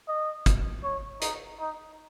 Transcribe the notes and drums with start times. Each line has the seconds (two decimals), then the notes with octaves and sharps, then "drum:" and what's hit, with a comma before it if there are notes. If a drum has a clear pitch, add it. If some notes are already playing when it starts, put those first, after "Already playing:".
0.08 D#5
0.46 drum: kick G1, hi-hat
0.84 C#5
1.22 D#4, drum: hi-hat
1.60 D#4